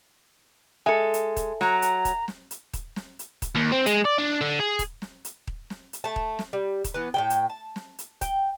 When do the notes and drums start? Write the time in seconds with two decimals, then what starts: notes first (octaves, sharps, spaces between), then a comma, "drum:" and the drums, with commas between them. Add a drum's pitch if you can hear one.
0.86 G#3 A4 E5 G#5
1.14 drum: hi-hat
1.36 drum: kick D#1, hi-hat
1.61 F#3 A#5, drum: snare
1.82 drum: hi-hat
2.05 drum: kick D#1, hi-hat
2.28 drum: snare
2.51 drum: hi-hat
2.73 drum: kick D#1, hi-hat
2.96 drum: snare
3.19 drum: hi-hat
3.42 drum: kick D#1, hi-hat
3.56 D#2
3.72 C4
3.86 G#3, drum: hi-hat
4.05 D5
4.18 D4
4.41 D3
4.60 G#4
4.79 drum: kick D#1, hi-hat
5.02 drum: snare
5.25 drum: hi-hat
5.47 drum: kick D#1
5.70 drum: snare
5.93 drum: hi-hat
6.04 A3 A5
6.16 drum: kick D#1
6.39 drum: snare
6.53 G3
6.84 drum: kick D#1, hi-hat
6.94 E3 B3
7.14 A2 G3 G5
7.30 drum: hi-hat
7.50 A5
7.76 drum: snare
7.99 drum: hi-hat
8.21 G5, drum: kick D#1, hi-hat